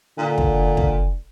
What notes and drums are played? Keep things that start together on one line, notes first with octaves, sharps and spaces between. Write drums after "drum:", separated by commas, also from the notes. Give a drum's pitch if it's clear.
A#2 D3
drum: kick
drum: kick